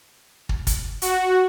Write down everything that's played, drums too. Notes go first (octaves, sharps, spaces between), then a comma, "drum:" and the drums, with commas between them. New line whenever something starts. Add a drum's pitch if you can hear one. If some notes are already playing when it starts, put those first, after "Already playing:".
drum: kick
drum: kick, hi-hat
F#4, drum: hi-hat